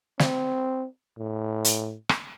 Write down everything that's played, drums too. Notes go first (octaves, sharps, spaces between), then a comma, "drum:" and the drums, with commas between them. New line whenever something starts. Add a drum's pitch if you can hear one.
C4, drum: snare
A2
drum: hi-hat
drum: rim click